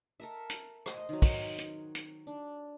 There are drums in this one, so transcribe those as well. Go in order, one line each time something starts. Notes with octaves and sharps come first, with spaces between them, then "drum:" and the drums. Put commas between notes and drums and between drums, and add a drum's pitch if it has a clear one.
A4 A#4 E5
drum: hi-hat
C5 D#5, drum: rim click
D#3 F#3
drum: kick, open hi-hat
drum: hi-hat
drum: hi-hat
D4